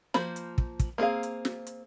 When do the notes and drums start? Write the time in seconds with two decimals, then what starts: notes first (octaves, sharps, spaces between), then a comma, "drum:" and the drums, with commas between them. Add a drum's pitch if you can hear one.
0.14 F3 A#3 C5 B5, drum: snare
0.36 drum: hi-hat
0.58 drum: kick
0.80 drum: kick, hi-hat
0.98 A#3 C4 G#4 F5
1.23 drum: hi-hat
1.45 drum: snare
1.67 drum: hi-hat